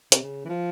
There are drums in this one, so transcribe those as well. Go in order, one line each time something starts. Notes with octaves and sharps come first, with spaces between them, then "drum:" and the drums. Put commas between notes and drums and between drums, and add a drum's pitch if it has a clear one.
C3, drum: hi-hat
C#3
E3
F3